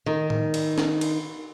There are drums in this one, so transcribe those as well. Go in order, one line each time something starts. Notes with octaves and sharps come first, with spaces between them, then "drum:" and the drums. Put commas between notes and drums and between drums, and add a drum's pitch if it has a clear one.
D#3
drum: tom A2
drum: cymbal
drum: snare
drum: cymbal